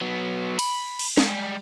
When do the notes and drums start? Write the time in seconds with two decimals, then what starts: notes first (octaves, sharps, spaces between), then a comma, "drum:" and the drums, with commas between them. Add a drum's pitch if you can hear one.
0.01 F#3 B3
0.59 B5, drum: cymbal
0.99 drum: cymbal
1.17 G3 G#3, drum: snare